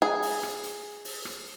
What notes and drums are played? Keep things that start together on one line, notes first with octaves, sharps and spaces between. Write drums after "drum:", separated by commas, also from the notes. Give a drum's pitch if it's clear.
G#4
drum: open hi-hat
drum: rim click
drum: hi-hat
drum: open hi-hat
drum: rim click